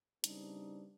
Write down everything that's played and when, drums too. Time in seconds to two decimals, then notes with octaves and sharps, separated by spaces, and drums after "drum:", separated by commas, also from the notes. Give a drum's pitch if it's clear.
0.24 C#3 G3 B3 C4 D4 D#4, drum: hi-hat